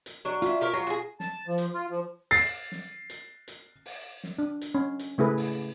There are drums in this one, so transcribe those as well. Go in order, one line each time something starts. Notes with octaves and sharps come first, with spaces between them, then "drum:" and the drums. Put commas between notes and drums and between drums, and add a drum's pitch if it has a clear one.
drum: hi-hat
F#3 D4
F4 E5, drum: hi-hat
G4 A#4 C#5
F#3 F4 A#5 C6
F#4 G#4
A5, drum: snare
F3
drum: hi-hat
F4
F3
A6 C7, drum: open hi-hat
drum: snare
drum: hi-hat
drum: hi-hat
drum: open hi-hat
drum: snare
D4
drum: hi-hat
C#4
drum: hi-hat
C#3 A3 E4 G#4 B4
drum: open hi-hat